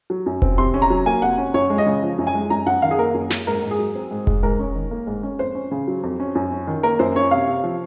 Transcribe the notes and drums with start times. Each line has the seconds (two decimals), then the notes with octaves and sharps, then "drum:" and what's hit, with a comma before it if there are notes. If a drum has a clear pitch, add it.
0.10 F#3
0.26 F#2
0.42 C4, drum: kick F1
0.58 C3 C6
0.74 C#4
0.82 A#5
0.90 F#3
1.06 A#3 G#5
1.22 C3 F#5
1.38 C#4
1.54 F#2 C#5
1.70 G#3
1.78 D#5
1.86 C#3
2.03 F3
2.18 F#2
2.27 G#5
2.35 G#3
2.50 F#2 A#5
2.66 F#2 F#5
2.82 D#3 F5
2.91 G#4
2.98 A#3 A#4
3.14 F#2
3.30 F#2, drum: snare
3.47 G#2 A#4
3.63 G#2
3.71 G#4
3.79 F#3
3.95 C4
4.11 G#2
4.27 G#2, drum: kick F1
4.43 G#2 A#4
4.59 C#4
4.75 D#3
4.91 A#3
5.07 G#2
5.23 C#4
5.39 F2 C5
5.55 C#4
5.71 C#3
5.88 F#3
6.03 F2
6.20 C#4
6.35 F#2
6.52 C#4
6.67 D#3
6.83 A#3 A#4
6.99 F#2 C5
7.16 C#4 C#5
7.31 C3 F5
7.47 C3
7.64 F3